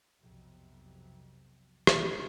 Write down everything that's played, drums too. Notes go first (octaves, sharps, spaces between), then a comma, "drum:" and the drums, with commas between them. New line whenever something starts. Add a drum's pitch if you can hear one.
B1 F2 C3
drum: rim click